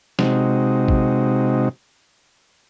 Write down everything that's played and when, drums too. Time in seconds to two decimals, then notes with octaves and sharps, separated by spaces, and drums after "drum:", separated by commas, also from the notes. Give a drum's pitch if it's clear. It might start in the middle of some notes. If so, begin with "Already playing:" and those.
0.19 C3 G#3 C4 D#4 F#4, drum: snare
0.88 drum: kick A#1